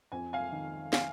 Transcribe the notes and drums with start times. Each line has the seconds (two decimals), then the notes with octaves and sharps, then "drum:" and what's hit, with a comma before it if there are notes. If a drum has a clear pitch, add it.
0.12 F2 G#5
0.33 F5 G#5
0.52 D#3
0.93 F5 G#5, drum: snare